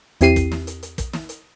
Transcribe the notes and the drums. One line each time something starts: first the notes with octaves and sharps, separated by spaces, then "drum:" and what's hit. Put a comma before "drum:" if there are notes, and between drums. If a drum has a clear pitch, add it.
E2 C4 E4 G4 C7 D#7, drum: hi-hat
drum: kick, hi-hat
drum: snare
drum: hi-hat
drum: hi-hat
drum: kick, hi-hat
drum: snare
drum: hi-hat